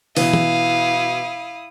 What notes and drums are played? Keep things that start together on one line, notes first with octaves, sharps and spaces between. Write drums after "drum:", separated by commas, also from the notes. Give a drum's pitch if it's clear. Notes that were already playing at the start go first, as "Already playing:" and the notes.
B2 E3 E4 F5 D#6, drum: open hi-hat
drum: tom E3